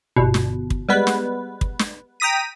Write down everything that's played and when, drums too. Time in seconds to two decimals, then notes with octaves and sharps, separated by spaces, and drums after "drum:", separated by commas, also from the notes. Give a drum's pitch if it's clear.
0.16 G1 B2
0.34 drum: snare
0.70 drum: kick
0.89 G3 G#3 B3 B4
1.07 drum: snare
1.61 drum: kick
1.79 drum: snare
2.20 G5 A#5 D#6 B6 D#7